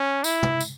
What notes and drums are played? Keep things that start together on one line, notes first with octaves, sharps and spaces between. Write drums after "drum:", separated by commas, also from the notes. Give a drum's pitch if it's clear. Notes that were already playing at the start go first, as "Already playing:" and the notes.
Already playing: C#4
E4, drum: tambourine
drum: tom
drum: tambourine